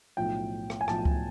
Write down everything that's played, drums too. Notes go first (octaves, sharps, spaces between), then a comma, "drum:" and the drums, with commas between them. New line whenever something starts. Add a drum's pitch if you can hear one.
B1 A2 F3 G5
drum: rim click
G#5
B1 A2 F3 A5, drum: rim click
drum: kick C#2